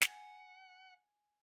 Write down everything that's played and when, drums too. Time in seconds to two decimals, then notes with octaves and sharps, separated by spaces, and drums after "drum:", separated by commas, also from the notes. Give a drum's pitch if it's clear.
0.02 F#5 G#5, drum: snare